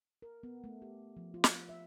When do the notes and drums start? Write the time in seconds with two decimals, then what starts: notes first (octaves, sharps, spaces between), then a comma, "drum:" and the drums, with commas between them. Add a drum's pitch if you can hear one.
0.22 A#4
0.43 B3
0.64 A3
0.82 G4
1.17 F3
1.34 F4
1.44 drum: snare
1.69 E5